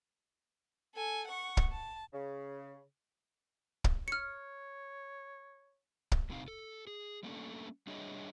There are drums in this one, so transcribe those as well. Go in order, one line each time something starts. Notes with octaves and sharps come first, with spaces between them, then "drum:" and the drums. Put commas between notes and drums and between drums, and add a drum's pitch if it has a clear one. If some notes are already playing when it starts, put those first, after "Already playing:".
A4 G#5
F#5 C#6
drum: kick
A5
C#3
drum: kick
C#5 F6 C#7
drum: kick
F#2 A2 C3 C4 D#4 F5
A4
G#4
G3 A3 A#3 C#4 D4 A4
G3 D4 G#4 C#5 D#5 E5